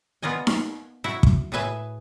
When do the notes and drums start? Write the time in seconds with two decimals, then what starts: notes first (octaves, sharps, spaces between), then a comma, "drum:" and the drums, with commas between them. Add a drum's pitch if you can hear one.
0.22 B3 F4 D5 D#5 G#5
0.47 F5, drum: snare D#4
1.04 E4 F#4
1.23 drum: kick
1.52 A2 G#4 B4 E5 G#5